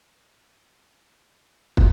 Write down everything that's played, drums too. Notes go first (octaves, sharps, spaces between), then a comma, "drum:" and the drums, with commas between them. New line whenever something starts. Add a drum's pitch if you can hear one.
E2
F4
E3
A#3
drum: kick